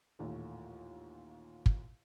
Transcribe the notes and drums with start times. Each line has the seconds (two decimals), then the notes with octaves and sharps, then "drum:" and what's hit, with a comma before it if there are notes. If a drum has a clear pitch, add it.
0.19 A1 D#2 A#2 A3
1.66 drum: kick